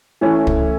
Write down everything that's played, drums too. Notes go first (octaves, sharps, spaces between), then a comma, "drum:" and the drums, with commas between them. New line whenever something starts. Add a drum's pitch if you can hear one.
E3 A3 C#4 E4
drum: kick